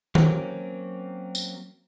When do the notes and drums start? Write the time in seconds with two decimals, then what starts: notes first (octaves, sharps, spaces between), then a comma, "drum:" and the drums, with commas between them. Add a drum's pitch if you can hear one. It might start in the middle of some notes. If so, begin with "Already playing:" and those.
0.15 F#3 A#3 C4 C#4, drum: tom D#3
1.35 drum: tambourine